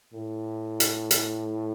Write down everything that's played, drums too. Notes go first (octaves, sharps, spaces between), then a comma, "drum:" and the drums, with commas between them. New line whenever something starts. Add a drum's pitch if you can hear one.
A2
drum: hi-hat
drum: hi-hat